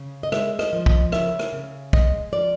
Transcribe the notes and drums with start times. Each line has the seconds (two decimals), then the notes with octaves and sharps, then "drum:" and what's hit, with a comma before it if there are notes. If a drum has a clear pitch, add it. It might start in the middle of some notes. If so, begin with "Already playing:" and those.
Already playing: C#3
0.23 D#5
0.32 G#3 E5, drum: rim click
0.59 D#5, drum: rim click
0.73 F3
0.86 D#5, drum: kick
1.12 C#3 E5, drum: rim click
1.39 drum: rim click
1.53 C#3
1.93 G#3 D#5, drum: kick
2.32 F3 D5